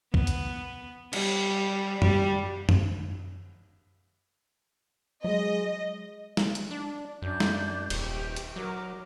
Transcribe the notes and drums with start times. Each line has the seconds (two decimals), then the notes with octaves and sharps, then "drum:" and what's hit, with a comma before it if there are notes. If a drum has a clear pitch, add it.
0.14 B3, drum: kick C2
0.27 drum: hi-hat
1.13 G3, drum: cymbal
2.02 G3, drum: tom F#2
2.69 drum: tom F#2
5.24 F#3 G#3 D#5
6.37 drum: snare
6.55 drum: hi-hat
6.71 D4
7.22 F#2 D4 G6
7.40 drum: snare
7.90 D#1 G4, drum: cymbal
8.36 drum: hi-hat
8.56 F#3 A#4 D6